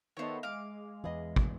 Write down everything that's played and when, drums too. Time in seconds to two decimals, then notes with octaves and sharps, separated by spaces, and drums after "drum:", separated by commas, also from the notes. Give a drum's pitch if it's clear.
0.17 D#3 B3 A4 C5 C#5 D#5 E5 G5
0.43 G#3 F5 D6
1.04 E2 E3 G#4 D#5
1.36 drum: kick